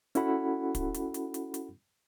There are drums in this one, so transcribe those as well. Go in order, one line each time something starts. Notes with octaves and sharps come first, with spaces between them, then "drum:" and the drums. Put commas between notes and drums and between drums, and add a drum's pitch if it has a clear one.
C#4 E4 F#4 A4 F#5 B5, drum: hi-hat
drum: kick, hi-hat
drum: hi-hat
drum: hi-hat
drum: hi-hat
drum: hi-hat